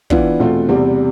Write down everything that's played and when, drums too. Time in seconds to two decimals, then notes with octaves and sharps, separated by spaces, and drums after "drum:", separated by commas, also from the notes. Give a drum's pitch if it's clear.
0.10 E3 B3 D4 F4, drum: kick
0.39 E2 B2 A3 C4 F4
0.69 E2 C3 G3 C4